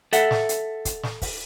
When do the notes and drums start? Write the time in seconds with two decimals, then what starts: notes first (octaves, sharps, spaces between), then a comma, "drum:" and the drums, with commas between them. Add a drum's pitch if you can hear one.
0.13 A4 E5 F#5, drum: hi-hat
0.31 drum: snare
0.49 drum: hi-hat
0.85 drum: kick, hi-hat
1.03 drum: snare
1.22 drum: kick, open hi-hat